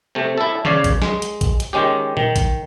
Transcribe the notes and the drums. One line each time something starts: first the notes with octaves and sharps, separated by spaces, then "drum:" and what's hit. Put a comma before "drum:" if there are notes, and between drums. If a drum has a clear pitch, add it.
C3 A3
E4 A4
C#3 C#5 D5 F5, drum: tom D#3
drum: kick, hi-hat
G#3, drum: snare
drum: hi-hat
drum: kick, hi-hat
drum: hi-hat
D#3 G#3 C#4 G4
D#3, drum: tom A#2
drum: kick, hi-hat